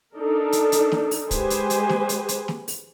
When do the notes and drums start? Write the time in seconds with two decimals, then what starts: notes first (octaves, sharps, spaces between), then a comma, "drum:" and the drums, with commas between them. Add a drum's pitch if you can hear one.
0.18 D4 D#4 A4 A#4
0.52 drum: hi-hat
0.72 drum: hi-hat
0.92 drum: snare
1.11 drum: open hi-hat
1.31 G#3 G4 G#4 B4 C5 G#5, drum: kick, hi-hat
1.50 drum: hi-hat
1.70 drum: hi-hat
1.89 drum: snare
2.09 drum: hi-hat
2.29 drum: hi-hat
2.48 drum: snare
2.68 drum: open hi-hat